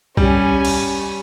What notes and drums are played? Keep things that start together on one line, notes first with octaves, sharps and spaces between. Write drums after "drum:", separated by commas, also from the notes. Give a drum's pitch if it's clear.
G3 C#4 G#5, drum: kick B1
drum: cymbal